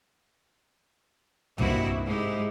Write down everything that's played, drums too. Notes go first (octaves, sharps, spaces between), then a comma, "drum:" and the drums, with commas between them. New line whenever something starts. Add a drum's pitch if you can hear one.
G2 C3 A#3 D#4 E4 F#4, drum: tom
G#2 G#3 D#4 E4 G4